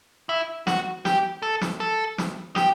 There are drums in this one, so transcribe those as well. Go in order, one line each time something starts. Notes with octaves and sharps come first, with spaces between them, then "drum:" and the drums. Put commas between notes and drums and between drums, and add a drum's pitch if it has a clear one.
E4
F#4, drum: snare
G4, drum: snare
A4
drum: snare
A4
drum: snare
G4, drum: snare